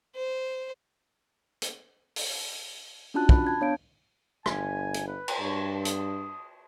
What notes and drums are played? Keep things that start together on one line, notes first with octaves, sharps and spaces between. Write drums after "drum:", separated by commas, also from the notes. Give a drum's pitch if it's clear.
C5
drum: hi-hat
drum: open hi-hat
C#4 D4 F4 F#4 A5 F#6
B5, drum: kick
A5 G#6
B3 D4 C#5 F5 G6 D7
G1 G#5, drum: rim click
drum: hi-hat
B4
drum: cymbal
G2 C#5
D#6, drum: hi-hat